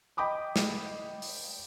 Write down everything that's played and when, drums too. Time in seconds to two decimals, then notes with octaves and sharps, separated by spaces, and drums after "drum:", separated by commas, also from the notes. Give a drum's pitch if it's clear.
0.17 D#5 G5 B5 D6 D#6
0.56 drum: snare
1.22 drum: open hi-hat